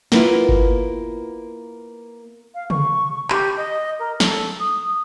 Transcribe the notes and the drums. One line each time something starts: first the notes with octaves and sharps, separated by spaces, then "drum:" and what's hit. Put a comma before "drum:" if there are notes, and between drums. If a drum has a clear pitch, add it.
A#3 B3 E4 F4, drum: snare
drum: kick G1
F5
C#6, drum: tom
G4, drum: clap
D#5
A#4
A4, drum: snare
D#6